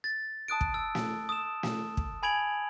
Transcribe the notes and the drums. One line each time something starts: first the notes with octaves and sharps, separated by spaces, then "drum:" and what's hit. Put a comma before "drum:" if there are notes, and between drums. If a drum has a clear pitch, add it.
A6
A5 D#6 F#6 D7
drum: kick
E6
drum: snare
D#6 E7
drum: snare
drum: kick
G#5 B5 G#6 D7 F7 F#7